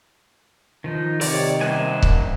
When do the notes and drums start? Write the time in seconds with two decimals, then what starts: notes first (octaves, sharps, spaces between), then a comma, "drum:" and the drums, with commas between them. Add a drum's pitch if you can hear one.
0.84 D#3 F3 D#4
1.21 C3 D#3 C#5 D5, drum: open hi-hat
1.61 A#2 G3 C5 F#5 G#5
2.02 drum: kick C#1